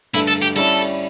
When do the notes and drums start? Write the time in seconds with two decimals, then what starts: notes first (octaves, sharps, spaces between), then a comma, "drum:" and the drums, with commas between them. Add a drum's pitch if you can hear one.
0.14 G2 D3 A3 E4, drum: cymbal
0.28 A4
0.42 G4
0.56 G3 C#4 E4 A4, drum: cymbal